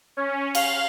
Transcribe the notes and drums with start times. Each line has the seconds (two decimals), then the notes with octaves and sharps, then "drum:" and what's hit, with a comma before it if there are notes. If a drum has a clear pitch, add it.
0.17 C#4
0.55 F5, drum: cymbal